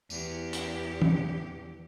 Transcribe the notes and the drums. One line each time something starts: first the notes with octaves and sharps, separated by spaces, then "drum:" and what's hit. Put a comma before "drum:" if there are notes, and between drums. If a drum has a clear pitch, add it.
E2 G4, drum: tambourine
drum: hi-hat
drum: tom